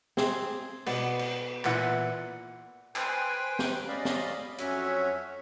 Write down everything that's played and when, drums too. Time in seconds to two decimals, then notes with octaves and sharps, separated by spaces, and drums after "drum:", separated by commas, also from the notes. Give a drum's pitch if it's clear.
0.17 C4 G#4, drum: snare
0.86 B2 B3 D5, drum: cymbal
1.19 drum: cymbal
1.65 A#2 E3 B3 F#5, drum: clap
2.96 B4 C5 G5 G#5, drum: clap
3.59 drum: snare
3.88 C#4 D5 D#5 F5 B5
4.05 drum: snare
4.58 F2 F#3 C#4 F#4 C#5 E5, drum: hi-hat